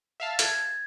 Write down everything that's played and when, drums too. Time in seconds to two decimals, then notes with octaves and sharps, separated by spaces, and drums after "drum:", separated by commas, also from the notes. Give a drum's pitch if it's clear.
0.20 E5 F5 A5
0.39 G#6 A6, drum: hi-hat